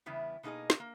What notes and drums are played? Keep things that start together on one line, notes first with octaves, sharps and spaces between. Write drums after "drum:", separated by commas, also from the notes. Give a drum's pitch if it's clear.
E2 C#3 G3 B3 E4
B2 A#3 D#4 G#4 D#5
drum: snare
A#3